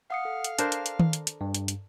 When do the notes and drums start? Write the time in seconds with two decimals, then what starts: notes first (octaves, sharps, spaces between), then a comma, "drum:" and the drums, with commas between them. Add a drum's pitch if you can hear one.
0.10 F5 F#5 D#6 C#7
0.25 A4
0.44 drum: hi-hat
0.59 D4 A#4 C5, drum: hi-hat
0.72 drum: hi-hat
0.86 drum: hi-hat
0.99 drum: tom D#3
1.13 drum: hi-hat
1.27 drum: hi-hat
1.41 G2
1.55 drum: hi-hat
1.68 drum: hi-hat